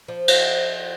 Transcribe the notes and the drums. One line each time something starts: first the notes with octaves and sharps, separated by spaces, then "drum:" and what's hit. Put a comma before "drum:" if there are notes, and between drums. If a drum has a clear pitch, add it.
F3
drum: cymbal